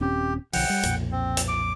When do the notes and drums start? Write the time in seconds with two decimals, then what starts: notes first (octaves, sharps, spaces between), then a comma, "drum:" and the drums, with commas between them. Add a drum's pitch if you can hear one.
0.01 D#1 C4 C#4 G4
0.53 B1 D3 F3 F#5 G5, drum: open hi-hat
0.70 G3
0.83 B1 F2 A#2, drum: hi-hat
1.12 C4
1.37 drum: hi-hat
1.48 D6